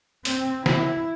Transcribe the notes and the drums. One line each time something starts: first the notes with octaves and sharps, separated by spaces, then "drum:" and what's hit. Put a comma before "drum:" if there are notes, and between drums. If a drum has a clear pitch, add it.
C4, drum: hi-hat
E4, drum: snare